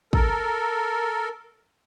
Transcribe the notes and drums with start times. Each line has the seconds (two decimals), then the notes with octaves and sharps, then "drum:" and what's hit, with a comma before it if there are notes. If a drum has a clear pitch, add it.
0.13 A4 A#4, drum: kick